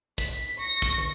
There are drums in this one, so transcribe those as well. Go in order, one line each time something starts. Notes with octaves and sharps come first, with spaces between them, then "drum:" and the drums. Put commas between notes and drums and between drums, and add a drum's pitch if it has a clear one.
B6, drum: kick, hi-hat
drum: hi-hat
C#6 A#6
drum: kick, hi-hat
drum: tom